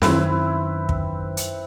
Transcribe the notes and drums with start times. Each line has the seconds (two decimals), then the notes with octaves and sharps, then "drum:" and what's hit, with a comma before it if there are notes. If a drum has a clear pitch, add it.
0.02 F#2 D#3 C4 E4 B4, drum: snare
0.89 drum: kick
1.37 drum: hi-hat